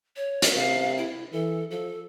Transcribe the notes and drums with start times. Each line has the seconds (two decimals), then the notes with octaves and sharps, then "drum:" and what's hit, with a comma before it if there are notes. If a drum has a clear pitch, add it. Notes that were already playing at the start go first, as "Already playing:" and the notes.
0.16 C#5
0.42 drum: hi-hat
0.55 C3 F5
0.98 E4
1.32 E3 A4
1.71 F3 A4